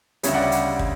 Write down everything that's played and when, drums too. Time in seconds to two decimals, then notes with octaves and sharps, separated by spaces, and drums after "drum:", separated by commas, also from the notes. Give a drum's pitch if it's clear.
0.23 D2 C#3 G3 C#5 E5, drum: hi-hat
0.34 D5 F#5
0.52 drum: hi-hat
0.79 drum: kick